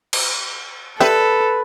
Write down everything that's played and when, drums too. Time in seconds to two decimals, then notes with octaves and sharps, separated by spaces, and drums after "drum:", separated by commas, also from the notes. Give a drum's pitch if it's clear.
0.13 drum: cymbal
1.00 G3 G4 A4 B4 E5